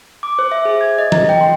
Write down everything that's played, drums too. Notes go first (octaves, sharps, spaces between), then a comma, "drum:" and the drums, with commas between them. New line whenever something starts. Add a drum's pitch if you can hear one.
D6
C5
E5
G#4
G#6
D#5
A#5, drum: tom E3
G5
C6